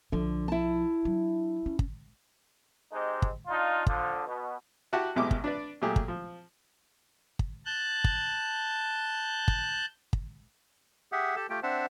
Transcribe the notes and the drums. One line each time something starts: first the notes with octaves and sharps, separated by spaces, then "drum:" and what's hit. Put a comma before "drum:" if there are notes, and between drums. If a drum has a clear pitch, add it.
B1 D3 F3
E4 A5
F#3 D4
C#4
drum: kick
G#3 C4 D#4 G4
drum: kick
D4 D#4 F4
D3 F3, drum: kick
B2
E4 F#4 G4 F#5 A5
A1 B2 G#3 E4 G4 D6
drum: kick
D4 B4 D5
A#2 F#3 A3 G4 G#4
drum: kick
F3
drum: kick
A5 F#6 G6
drum: kick
drum: kick
drum: kick
G4 G#4 E5 F#5
G4 A4 A5
A3 F4 G4 G5
C4 D4 C5 E5 F#5 A5